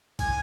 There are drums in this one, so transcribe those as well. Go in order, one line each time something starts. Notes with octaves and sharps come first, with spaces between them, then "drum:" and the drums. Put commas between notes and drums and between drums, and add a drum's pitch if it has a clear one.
G#5, drum: kick A1, cymbal